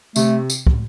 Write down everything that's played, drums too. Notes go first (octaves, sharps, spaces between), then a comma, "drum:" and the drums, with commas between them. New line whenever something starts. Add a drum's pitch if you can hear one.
C3 A3, drum: tambourine
drum: tambourine
drum: kick